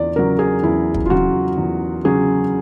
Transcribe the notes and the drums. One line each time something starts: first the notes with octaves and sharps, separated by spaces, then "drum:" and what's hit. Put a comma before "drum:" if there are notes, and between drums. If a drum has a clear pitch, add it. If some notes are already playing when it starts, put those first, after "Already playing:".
Already playing: E2 D5
C#3 F#3 A#4
G#4
E2 E4
drum: kick
F4
C#3 F#3 F#4
E2
C#3 F#3 G#4